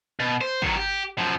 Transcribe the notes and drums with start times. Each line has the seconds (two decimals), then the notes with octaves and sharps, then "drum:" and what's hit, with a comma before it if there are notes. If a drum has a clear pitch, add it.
0.20 B2
0.41 C5
0.62 D#3 F#3, drum: kick
0.77 G4
1.18 F#2 F3